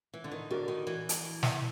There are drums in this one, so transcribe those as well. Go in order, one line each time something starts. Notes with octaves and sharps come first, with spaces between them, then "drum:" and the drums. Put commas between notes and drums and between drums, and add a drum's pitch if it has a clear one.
E3
D3
D#3
D3 F#4 A#4 D5
D#3
E3
drum: hi-hat
drum: snare